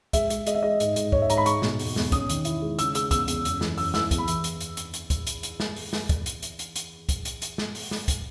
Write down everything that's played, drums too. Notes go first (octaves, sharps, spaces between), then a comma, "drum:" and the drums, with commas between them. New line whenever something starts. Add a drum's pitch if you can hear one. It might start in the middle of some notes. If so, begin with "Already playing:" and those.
G#3 E5, drum: kick, hi-hat
G#3, drum: hi-hat
G#3 D#5, drum: hi-hat
E5
G#3 D#5
G#2, drum: hi-hat
G#2, drum: hi-hat
G#2 C#5, drum: kick
E5
G#2 A#5, drum: hi-hat
B5
G#3 C#6, drum: hi-hat
B2, drum: snare
E2, drum: open hi-hat
E2, drum: snare
C#4 D#6, drum: kick, hi-hat
D#3, drum: hi-hat
E4, drum: hi-hat
G#3
C#3 E6, drum: hi-hat
G#3 E6, drum: hi-hat
E2 E6, drum: kick, hi-hat
E2, drum: hi-hat
F#2, drum: hi-hat
E3, drum: snare
F#2 E6, drum: open hi-hat
E4 E6, drum: snare
E2, drum: kick, hi-hat
B5
E3, drum: hi-hat
drum: hi-hat
drum: hi-hat
drum: hi-hat
drum: hi-hat
drum: kick, hi-hat
drum: hi-hat
drum: hi-hat
drum: snare
drum: open hi-hat
drum: snare
drum: kick, hi-hat
drum: hi-hat
drum: hi-hat
drum: hi-hat
drum: hi-hat
drum: kick, hi-hat
drum: hi-hat
drum: hi-hat
drum: snare
drum: open hi-hat
drum: snare
drum: kick, hi-hat